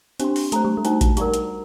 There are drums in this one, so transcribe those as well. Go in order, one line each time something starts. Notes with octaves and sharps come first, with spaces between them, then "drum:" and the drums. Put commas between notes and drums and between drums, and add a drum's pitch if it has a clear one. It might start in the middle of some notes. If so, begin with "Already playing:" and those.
C4 D4 G4 C5 G5 C6, drum: hi-hat
drum: open hi-hat
A3 C5 G5 A#5, drum: hi-hat
G3
A3
D#4 F#4 C5 G5, drum: hi-hat
drum: kick A1, hi-hat
G3 A#4 D5 F#5 A#5, drum: hi-hat
drum: hi-hat